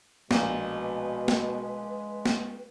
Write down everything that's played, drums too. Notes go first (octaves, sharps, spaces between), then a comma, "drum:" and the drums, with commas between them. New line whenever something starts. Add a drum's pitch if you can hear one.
A#1 B2 G#3 B4, drum: snare
drum: snare
drum: snare